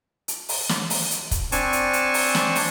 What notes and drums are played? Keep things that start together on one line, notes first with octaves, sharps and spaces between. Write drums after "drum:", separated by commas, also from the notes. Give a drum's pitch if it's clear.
drum: hi-hat
drum: open hi-hat
drum: snare
drum: open hi-hat
drum: hi-hat
drum: kick, hi-hat
C4 D4 G#5 A5 C#6, drum: hi-hat
drum: hi-hat
drum: hi-hat
drum: open hi-hat
drum: snare
drum: open hi-hat